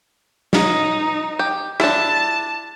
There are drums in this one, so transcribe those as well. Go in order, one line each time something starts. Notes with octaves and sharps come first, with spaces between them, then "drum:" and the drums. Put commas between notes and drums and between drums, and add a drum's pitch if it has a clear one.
D#4, drum: snare
G4
D4 E4 A5, drum: rim click